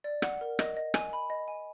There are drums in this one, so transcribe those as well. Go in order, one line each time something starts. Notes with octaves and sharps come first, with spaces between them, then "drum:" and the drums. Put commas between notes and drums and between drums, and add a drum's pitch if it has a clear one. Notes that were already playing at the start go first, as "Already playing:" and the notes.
D5
F#5, drum: rim click
A#4
D#5, drum: rim click
D#5
G#5, drum: rim click
B5
D#5
G#5